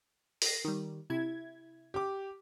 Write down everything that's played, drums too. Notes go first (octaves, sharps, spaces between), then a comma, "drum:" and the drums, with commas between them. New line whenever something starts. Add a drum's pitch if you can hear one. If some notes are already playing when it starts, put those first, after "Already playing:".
A#6 C7, drum: open hi-hat
D#3 G3
C3 E4 G#6
G4 D6